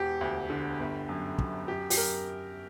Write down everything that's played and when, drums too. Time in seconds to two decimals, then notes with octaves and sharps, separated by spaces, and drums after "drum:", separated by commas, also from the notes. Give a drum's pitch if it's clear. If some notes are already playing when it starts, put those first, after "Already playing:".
Already playing: E1 G4
0.21 D2
0.50 D3
0.79 G1
1.09 F#2
1.38 F#2, drum: kick
1.68 F#2 G4
1.90 G4, drum: open hi-hat
1.97 F#2 A#4